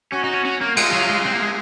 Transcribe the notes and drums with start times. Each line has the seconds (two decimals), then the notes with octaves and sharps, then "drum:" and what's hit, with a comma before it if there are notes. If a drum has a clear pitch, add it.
0.13 C#4 F#4
0.24 D#4
0.35 C#4
0.45 C#4
0.61 A#3
0.77 G#3 F4, drum: cymbal
0.93 F#3
1.09 G#3
1.25 C4
1.33 A#3
1.42 G#3